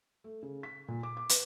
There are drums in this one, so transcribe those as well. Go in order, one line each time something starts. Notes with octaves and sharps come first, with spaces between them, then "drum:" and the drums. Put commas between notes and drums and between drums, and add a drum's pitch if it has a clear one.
A3
C#3
B6
A#2
D6
D6
B4, drum: hi-hat